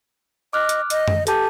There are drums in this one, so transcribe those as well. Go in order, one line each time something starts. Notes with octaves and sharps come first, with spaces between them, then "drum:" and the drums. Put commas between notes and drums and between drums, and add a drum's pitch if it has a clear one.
D#5 D6 F6 F#6
drum: hi-hat
D#5, drum: hi-hat
drum: tom F#2
G4 A4 A5, drum: hi-hat